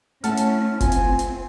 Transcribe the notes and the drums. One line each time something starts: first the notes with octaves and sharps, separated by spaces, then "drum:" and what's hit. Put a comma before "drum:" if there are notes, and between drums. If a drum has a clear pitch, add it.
A3 C#4 E4 F#5 A5 F6, drum: hi-hat
drum: hi-hat
C4 F4 G#5, drum: kick F1, hi-hat
drum: hi-hat
drum: hi-hat